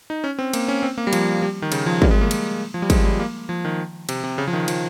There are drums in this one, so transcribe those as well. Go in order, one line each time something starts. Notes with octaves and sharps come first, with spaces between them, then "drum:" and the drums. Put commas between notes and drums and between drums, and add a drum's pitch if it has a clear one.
D#4
C#4
C4
A#3, drum: cymbal
C#4
C4
A#3
G3
F3, drum: cymbal
G3
D#3
C#3, drum: cymbal
F3
G3, drum: kick
G#3
A#3
drum: cymbal
F3
G3
G#3, drum: kick, cymbal
G3
A#3
F3
D#3
C3, drum: cymbal
C3
C#3
F3
D#3
F3, drum: cymbal